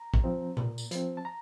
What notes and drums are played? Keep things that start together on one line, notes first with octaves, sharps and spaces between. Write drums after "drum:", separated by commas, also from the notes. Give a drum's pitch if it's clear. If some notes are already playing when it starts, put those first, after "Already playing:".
Already playing: A#5
drum: kick
F3 C4
A#2, drum: tom
drum: tambourine
F3 C4, drum: hi-hat
A5
A#5